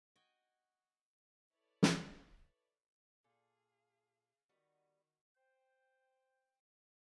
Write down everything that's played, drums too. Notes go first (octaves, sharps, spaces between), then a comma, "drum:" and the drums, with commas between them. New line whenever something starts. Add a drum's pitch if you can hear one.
F#4 D#5 G5 G#5
E4 A4 B4 C#5 D5
drum: snare
A#2 G#4 A4 F5
D#3 G3 B3 D#4 F#4
C5 G5